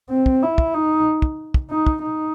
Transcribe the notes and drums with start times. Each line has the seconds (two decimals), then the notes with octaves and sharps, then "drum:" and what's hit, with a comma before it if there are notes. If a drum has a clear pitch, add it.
0.10 C4
0.26 drum: kick
0.42 E4
0.58 drum: kick
0.74 D#4
1.22 drum: kick
1.54 drum: kick
1.71 D#4
1.87 drum: kick
2.02 D#4